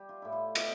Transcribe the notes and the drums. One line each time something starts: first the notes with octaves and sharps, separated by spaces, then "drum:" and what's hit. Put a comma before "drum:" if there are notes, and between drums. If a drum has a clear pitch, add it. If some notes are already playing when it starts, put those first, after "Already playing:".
Already playing: G3 G4
F4
A2 E4
F4
B2 G4, drum: cymbal